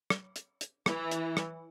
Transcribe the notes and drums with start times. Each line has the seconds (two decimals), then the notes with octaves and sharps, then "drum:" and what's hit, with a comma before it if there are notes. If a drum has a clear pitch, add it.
0.10 drum: rim click
0.36 drum: hi-hat
0.61 drum: hi-hat
0.86 E3, drum: rim click
1.11 drum: hi-hat
1.37 drum: rim click